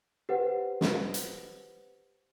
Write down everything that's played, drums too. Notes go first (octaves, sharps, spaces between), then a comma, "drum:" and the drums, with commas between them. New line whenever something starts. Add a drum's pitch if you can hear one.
G4 B4 C5 F#5
drum: snare
drum: hi-hat